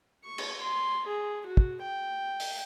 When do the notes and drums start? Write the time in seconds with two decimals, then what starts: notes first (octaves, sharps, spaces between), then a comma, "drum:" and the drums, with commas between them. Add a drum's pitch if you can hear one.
0.25 C#6
0.38 drum: cymbal
0.63 C6
1.07 G#4
1.46 F#4
1.57 drum: kick
1.82 G5
2.40 drum: open hi-hat